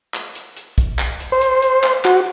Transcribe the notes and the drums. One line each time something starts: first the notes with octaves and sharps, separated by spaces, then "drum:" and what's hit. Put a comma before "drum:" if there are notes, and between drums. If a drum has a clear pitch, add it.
drum: clap
drum: hi-hat
drum: hi-hat
drum: kick, hi-hat
drum: clap
drum: hi-hat
C5
drum: hi-hat
drum: hi-hat
drum: clap
F#4, drum: clap